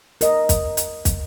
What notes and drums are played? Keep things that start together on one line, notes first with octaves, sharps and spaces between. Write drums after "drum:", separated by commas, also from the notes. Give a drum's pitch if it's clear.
A#4 D#5, drum: hi-hat
drum: kick, hi-hat
drum: hi-hat
drum: kick, hi-hat